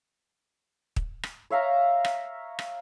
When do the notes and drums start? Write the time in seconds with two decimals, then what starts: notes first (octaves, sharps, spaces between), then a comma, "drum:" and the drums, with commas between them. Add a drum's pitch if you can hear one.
0.96 drum: kick
1.23 drum: rim click
1.50 C#5 E5 F5 A#5
2.05 drum: rim click
2.59 drum: rim click